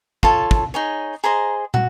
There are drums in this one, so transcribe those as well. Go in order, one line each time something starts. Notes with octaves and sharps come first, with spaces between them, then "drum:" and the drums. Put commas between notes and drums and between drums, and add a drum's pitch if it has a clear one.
F4 A4 C#5 A5, drum: kick
drum: kick
D#4 G#4 C#5
G#4 C5 D#5 A#5
F#4, drum: tom